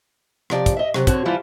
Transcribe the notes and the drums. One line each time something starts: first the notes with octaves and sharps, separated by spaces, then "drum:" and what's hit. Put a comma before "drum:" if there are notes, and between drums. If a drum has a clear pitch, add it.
C3 F3 D5, drum: rim click
drum: kick, hi-hat
D#5 E5
C3 F#3, drum: rim click
D3 C4 F#4 C#5, drum: kick, hi-hat
E3 F3 G3 E4 F4